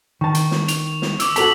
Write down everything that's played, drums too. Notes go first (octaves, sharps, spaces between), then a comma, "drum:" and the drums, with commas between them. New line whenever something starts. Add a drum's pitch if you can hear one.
D#3 A5 C#6
drum: hi-hat
drum: snare
F7, drum: hi-hat
drum: snare
D6 E6, drum: hi-hat
F#4 A4 A5 B6 F7 F#7, drum: hi-hat